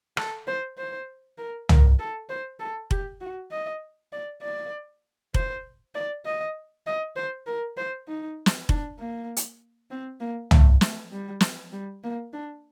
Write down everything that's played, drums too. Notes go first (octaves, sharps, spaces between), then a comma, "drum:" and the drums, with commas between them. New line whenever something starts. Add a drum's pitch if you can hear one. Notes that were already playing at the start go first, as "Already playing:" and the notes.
A4, drum: rim click
C5
C5
A#4
A#4, drum: tom
A4
C5
A4
G4, drum: kick F1
F#4
D#5
D5
D5
C5, drum: kick F1
D5
D#5
D#5
C5
A#4
C5
D#4
drum: snare
D4, drum: kick F1
A#3
drum: hi-hat
C4
A#3
A3, drum: tom
A3, drum: snare
G3
drum: snare
G3
A#3
D4